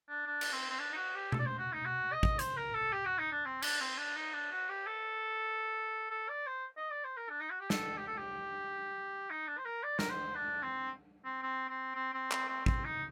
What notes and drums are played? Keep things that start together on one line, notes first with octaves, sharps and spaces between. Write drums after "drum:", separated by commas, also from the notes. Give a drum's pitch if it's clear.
D4
D4
drum: cymbal
C4
C4
D4
D#4
F#4
G4
A4, drum: tom B2
D5
C5
F#4
D#4
F#4
D#5
drum: kick
C5, drum: hi-hat
A#4
A4
G4
F#4
D#4
D4
C4
D4, drum: cymbal
C4
D4
D#4
D4
F#4
G4
A4
A4
D5
C5
D#5
D5
C5
A#4
D4
D#4
F#4
G4
A4, drum: snare
G4
A4
G4
D#4
D4
C5
A#4
D5
A#4, drum: snare
C5
D4
C4
C4
C4
C4
C4
C4
C4, drum: clap
C4
C4, drum: kick
D#4